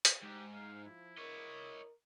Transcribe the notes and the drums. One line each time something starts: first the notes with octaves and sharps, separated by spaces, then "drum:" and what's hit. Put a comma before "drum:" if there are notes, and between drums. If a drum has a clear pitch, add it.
drum: hi-hat
G#2 G4
F5
F3 E4
A#4 C#5 D#5